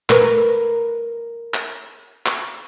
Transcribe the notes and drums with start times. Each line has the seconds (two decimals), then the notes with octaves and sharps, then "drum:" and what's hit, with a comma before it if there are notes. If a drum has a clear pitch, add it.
0.10 A#4 B4, drum: clap
1.54 drum: clap
2.26 drum: clap